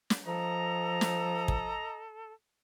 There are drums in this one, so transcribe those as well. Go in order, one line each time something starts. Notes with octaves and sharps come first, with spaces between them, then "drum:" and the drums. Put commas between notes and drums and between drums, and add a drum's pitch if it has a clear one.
drum: snare
F3 A4 D#5 A#5
drum: snare
drum: kick